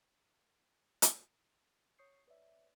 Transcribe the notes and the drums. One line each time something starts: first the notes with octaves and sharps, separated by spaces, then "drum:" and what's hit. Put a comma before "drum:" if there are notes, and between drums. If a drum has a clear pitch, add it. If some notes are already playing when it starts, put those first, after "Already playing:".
drum: hi-hat
C#5 C#6 D#6 G6 C7 C#7
B4 C#5 D5 E5